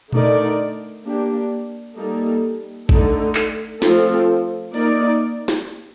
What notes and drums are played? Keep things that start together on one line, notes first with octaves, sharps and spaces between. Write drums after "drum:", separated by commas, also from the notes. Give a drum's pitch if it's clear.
D3 A3 D#4 A#4 D5, drum: tom A#2
A#3 D4 G4
G3 A#3 D#4 A4
D3 A3 D#4 A4, drum: kick A1
drum: clap
F3 A3 C4 F4 A4, drum: snare
A#3 D#4 A#4 D5, drum: open hi-hat
drum: snare
drum: open hi-hat